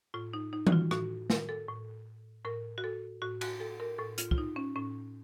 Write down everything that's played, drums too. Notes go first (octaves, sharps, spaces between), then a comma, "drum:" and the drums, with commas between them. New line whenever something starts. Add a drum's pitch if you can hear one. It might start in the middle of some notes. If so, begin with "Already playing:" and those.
A2 F4
D#4
D#4
F#4, drum: tom E3
F4
A2 F#4, drum: rim click
A#4, drum: snare
A4
A2
A2 A#4
F#4
A4
A2 F#4
F#4, drum: cymbal
A4
A#4
A2 A4
F4, drum: hi-hat
F4, drum: kick
D#4
C#4
A2 C#4